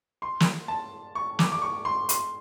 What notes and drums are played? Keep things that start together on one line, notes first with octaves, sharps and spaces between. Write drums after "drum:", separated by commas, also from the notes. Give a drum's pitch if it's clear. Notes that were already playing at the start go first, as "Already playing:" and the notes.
C6
drum: snare
A5
C#6
D6, drum: snare
D6
C#6
C6
C6, drum: hi-hat